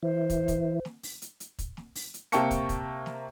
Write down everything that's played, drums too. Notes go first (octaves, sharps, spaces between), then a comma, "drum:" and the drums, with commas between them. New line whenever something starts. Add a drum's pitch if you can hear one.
E3 C5
drum: kick, hi-hat
drum: kick, hi-hat
drum: snare
drum: open hi-hat
drum: hi-hat
drum: hi-hat
drum: kick, hi-hat
drum: snare
drum: open hi-hat
drum: hi-hat
C3 A#3 G5 A5 C#6 C#7, drum: hi-hat
drum: kick, hi-hat
drum: kick, hi-hat
drum: snare